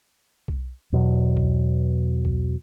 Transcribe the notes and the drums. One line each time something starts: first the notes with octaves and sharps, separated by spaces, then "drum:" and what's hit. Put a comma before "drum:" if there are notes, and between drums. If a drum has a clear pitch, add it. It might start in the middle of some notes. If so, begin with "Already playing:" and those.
drum: kick B1
E2 B2 F#3
drum: kick B1
drum: kick B1